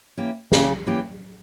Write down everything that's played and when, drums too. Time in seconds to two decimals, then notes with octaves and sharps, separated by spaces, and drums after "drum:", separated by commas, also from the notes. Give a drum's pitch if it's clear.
0.17 E3 A#3 C#4 G4
0.52 C#3 E3 A#3 C#4 G4, drum: snare
0.87 E3 A#3 C#4 G4